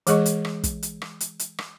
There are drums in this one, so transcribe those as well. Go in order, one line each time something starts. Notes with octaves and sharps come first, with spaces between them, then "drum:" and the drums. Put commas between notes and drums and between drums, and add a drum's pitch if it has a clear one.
E3 G#3 G#4 D#5 C#6, drum: hi-hat
drum: hi-hat
drum: rim click
drum: kick, hi-hat
drum: hi-hat
drum: rim click
drum: hi-hat
drum: hi-hat
drum: rim click